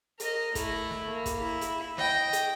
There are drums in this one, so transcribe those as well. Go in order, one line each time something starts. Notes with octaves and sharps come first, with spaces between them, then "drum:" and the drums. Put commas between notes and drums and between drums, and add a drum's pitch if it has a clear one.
A#4 D#5, drum: hi-hat
A3 E4, drum: kick, hi-hat
drum: snare
A#3
drum: kick, hi-hat
E4
drum: hi-hat
D#5 G5, drum: snare
drum: hi-hat